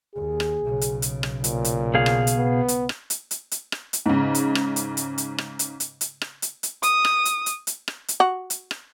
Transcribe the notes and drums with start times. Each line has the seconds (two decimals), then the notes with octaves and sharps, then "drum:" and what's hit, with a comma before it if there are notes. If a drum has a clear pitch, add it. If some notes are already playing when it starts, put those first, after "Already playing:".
0.15 D#2 G#4
0.40 drum: rim click
0.64 B1 C#3
0.81 drum: hi-hat
1.02 drum: hi-hat
1.23 drum: rim click
1.44 A#2, drum: hi-hat
1.65 drum: hi-hat
1.94 B2 G#4 F5
2.06 drum: rim click
2.27 drum: hi-hat
2.36 B3
2.68 drum: hi-hat
2.89 drum: rim click
3.10 drum: hi-hat
3.31 drum: hi-hat
3.51 drum: hi-hat
3.72 drum: rim click
3.93 drum: hi-hat
4.06 G#2 C#3
4.35 drum: hi-hat
4.55 drum: rim click
4.76 drum: hi-hat
4.97 drum: hi-hat
5.18 drum: hi-hat
5.38 drum: rim click
5.59 drum: hi-hat
5.80 drum: hi-hat
6.01 drum: hi-hat
6.21 drum: rim click
6.42 drum: hi-hat
6.63 drum: hi-hat
6.83 D#6, drum: hi-hat
7.05 drum: rim click
7.25 drum: hi-hat
7.46 drum: hi-hat
7.67 drum: hi-hat
7.88 drum: rim click
8.08 drum: hi-hat
8.20 F#4
8.50 drum: hi-hat
8.71 drum: rim click